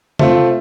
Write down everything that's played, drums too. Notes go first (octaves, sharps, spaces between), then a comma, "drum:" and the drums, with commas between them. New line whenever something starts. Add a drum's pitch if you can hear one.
A3 C4 F4, drum: tom C3